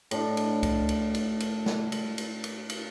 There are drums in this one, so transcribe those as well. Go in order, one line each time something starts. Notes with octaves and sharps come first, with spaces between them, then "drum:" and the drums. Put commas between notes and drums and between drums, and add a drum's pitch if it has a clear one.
A2 D4 D#5, drum: cymbal
drum: cymbal
drum: kick C#2, cymbal
drum: cymbal
drum: cymbal
drum: cymbal
drum: snare
drum: cymbal
drum: cymbal
drum: cymbal
drum: cymbal